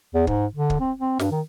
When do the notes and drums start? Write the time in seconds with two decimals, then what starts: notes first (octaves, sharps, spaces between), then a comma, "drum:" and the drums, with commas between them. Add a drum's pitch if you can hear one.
0.14 E2
0.27 G#2, drum: kick
0.55 D3
0.70 drum: kick
0.80 C4
0.99 C4
1.19 G2, drum: snare
1.31 D#3